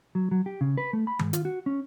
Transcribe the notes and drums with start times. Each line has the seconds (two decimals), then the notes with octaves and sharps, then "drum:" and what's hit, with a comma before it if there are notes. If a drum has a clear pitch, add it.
0.15 F#3
0.31 F#3
0.46 G4
0.61 C#3
0.78 B4
0.93 A3
1.07 B5
1.19 G#2, drum: tom D#3
1.33 F4, drum: hi-hat
1.45 F#4
1.66 C#4